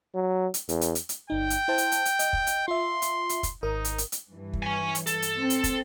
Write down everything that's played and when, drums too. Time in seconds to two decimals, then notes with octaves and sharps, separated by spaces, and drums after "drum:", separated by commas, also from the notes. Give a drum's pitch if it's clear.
0.15 F#3
0.54 drum: hi-hat
0.69 E2, drum: hi-hat
0.81 drum: hi-hat
0.95 drum: hi-hat
1.09 drum: hi-hat
1.30 G1 D#4 G5
1.50 drum: hi-hat
1.68 E4 C5 A5
1.78 drum: hi-hat
1.92 drum: hi-hat
2.05 drum: hi-hat
2.19 D#5, drum: hi-hat
2.33 drum: kick
2.47 drum: hi-hat
2.68 F4 E5 C6
3.02 drum: hi-hat
3.29 drum: hi-hat
3.43 drum: kick, hi-hat
3.63 G#1 D#4 A#4 D#6
3.85 drum: hi-hat
3.98 drum: hi-hat
4.12 drum: hi-hat
4.32 G2 E3
4.53 drum: kick
4.63 C#5 G#5
4.95 drum: hi-hat
5.07 A4, drum: hi-hat
5.22 drum: hi-hat
5.41 C4
5.50 drum: hi-hat
5.64 drum: kick, hi-hat